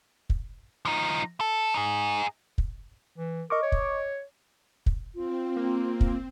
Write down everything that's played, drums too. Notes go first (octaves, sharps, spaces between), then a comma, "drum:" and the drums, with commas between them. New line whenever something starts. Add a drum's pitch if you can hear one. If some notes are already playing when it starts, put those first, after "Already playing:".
drum: kick
F3 D#4
A4
D#4 G#4
drum: kick
E3
A#4 D#5 C#6 D6
C#5
drum: kick
drum: kick
C4 F4
A#3
drum: kick